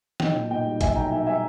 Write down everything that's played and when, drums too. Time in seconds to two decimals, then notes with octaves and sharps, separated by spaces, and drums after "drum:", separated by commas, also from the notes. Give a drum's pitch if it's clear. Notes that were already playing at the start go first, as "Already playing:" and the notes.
0.20 B1 D#5 G5, drum: snare
0.36 A#2
0.50 A#2 D#5 G5
0.66 G3
0.81 B1 E5 G#5, drum: kick, hi-hat
0.96 B1 G5 A#5
1.11 B1 E5 G#5
1.26 G3 E5 G#5